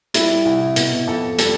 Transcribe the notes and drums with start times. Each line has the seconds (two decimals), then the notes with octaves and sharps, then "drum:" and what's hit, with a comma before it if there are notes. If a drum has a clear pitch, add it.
0.14 G3 E4, drum: hi-hat
0.45 C2
0.76 B2, drum: hi-hat
1.07 F2 A4
1.38 G3 A4, drum: hi-hat